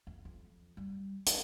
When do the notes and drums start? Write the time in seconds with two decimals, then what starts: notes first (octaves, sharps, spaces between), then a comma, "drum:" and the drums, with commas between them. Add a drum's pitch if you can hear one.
0.07 F2
0.25 F2
0.77 G3
1.26 F#3, drum: hi-hat